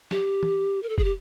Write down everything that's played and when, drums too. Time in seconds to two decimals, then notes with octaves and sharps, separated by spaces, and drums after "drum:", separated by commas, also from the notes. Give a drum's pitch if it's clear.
0.11 G4, drum: snare
0.43 drum: tom
0.83 A#4
0.89 A4
0.98 G#4, drum: kick
1.04 G4